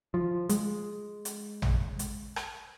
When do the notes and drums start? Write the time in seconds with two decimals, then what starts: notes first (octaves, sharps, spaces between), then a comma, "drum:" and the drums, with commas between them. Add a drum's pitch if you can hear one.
0.14 F3
0.49 G#3, drum: hi-hat
1.25 drum: hi-hat
1.62 drum: tom
1.99 drum: hi-hat
2.36 drum: rim click